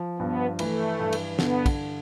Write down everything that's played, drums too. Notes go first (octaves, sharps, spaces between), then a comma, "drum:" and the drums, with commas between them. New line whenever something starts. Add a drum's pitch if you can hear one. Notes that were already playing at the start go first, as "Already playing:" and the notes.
Already playing: F3
G2 B3
E3 A3, drum: cymbal
G2
drum: cymbal
D3 B3, drum: snare
drum: kick, cymbal